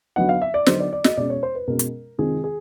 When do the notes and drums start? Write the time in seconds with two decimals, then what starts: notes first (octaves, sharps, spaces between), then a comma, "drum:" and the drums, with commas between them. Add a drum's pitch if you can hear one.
0.16 D3 F#3 B3 D#4 F#5
0.29 F5
0.42 E5
0.54 D5
0.66 D3 F#3 B3 D#4 C5, drum: snare
0.79 D5
0.92 D5
1.04 D#5, drum: snare
1.17 B2 G#3 C#4 D5
1.30 C#5
1.43 C5
1.55 B4
1.68 B2 G#3 C#4 A#4
1.79 drum: hi-hat
2.18 C3 D#3 G#3 C4 F4 G#4
2.44 G#4